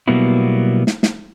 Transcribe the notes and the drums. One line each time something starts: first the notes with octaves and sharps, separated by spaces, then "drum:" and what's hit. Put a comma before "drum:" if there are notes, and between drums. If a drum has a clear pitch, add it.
B2 F#3 G3 A#3 B3 E4
drum: snare
drum: snare